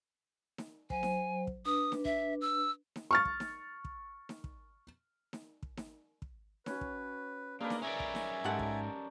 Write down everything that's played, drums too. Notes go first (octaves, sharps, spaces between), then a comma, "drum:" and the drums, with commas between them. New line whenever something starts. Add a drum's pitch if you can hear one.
drum: snare D#4
F#3 C5 G#5, drum: kick
drum: snare D#4
drum: kick
D4 B4 D#6
drum: snare D#4
E5, drum: kick
E6
drum: snare D#4
C#6 F6 A6
drum: kick
drum: snare D#4
drum: kick
drum: snare D#4
drum: kick
drum: snare D#4
drum: kick
drum: snare D#4
drum: kick
C#4 F#4 B4, drum: snare D#4
drum: kick
G#3 A#3 D4 B4 D5 F5
drum: snare D#4
C#4 A#4 D5 E5 G#5
drum: kick
drum: snare D#4
G#2 G4 A4 F#5 A5
drum: kick